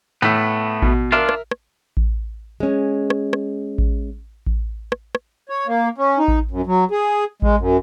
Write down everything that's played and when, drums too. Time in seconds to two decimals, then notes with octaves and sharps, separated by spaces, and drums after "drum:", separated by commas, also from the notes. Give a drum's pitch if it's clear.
0.22 A2 A3 B3
0.82 B2, drum: kick A1
1.12 D4 F4 A#4 E5
1.29 drum: rim click
1.51 drum: rim click
1.97 drum: kick A1
2.60 G#3 C#4
3.10 drum: rim click
3.33 drum: rim click
3.78 drum: kick A1
4.47 drum: kick A1
4.92 drum: rim click
5.15 drum: rim click
5.49 C#5
5.67 A#3
5.98 C#4
6.19 D#4
6.28 drum: kick A1
6.51 F#2
6.66 F#3
6.91 G#4
7.42 G#3, drum: kick A1
7.58 F#2